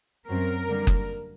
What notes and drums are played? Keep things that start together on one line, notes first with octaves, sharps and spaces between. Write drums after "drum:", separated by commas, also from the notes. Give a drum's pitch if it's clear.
F#2 F#3 C4 A#4
D3 G3 A#3
drum: kick F#1